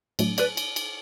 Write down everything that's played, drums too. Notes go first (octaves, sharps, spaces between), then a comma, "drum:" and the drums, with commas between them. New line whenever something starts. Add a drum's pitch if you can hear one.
A2 F#3 A3 D4, drum: cymbal
B4 D5, drum: cymbal
drum: cymbal
drum: cymbal